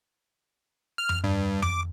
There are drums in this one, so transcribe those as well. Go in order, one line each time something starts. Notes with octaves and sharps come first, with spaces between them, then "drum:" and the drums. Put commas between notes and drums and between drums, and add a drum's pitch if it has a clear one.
F6
drum: tom F2
G2
D6, drum: tom F2